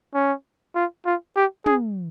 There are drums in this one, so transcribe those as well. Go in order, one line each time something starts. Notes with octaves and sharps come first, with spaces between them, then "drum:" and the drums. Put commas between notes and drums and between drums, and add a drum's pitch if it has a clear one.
C#4
F4
F4
G4
G#4, drum: tom